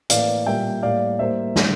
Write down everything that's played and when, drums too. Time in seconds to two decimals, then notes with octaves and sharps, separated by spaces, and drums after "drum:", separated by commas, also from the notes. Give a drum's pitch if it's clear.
0.10 A2 E3 A#3 D5 F5, drum: hi-hat
0.46 A#2 G3 A#3 E5 G5
0.83 A2 G3 A#3 D5 F5
1.19 A2 G3 A#3 C5 E5
1.56 D3 A3, drum: snare